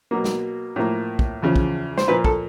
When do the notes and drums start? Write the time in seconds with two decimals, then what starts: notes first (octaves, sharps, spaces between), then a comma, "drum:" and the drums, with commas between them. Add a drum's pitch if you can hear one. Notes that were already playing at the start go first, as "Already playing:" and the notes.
0.11 B2 F#3 A#3
0.24 drum: snare
0.76 A2 F3 A#3
1.19 drum: kick
1.42 E2 C#3 F3
1.56 drum: kick
1.98 C5, drum: snare
2.08 A#2 F3 A#3 B4
2.25 A4, drum: kick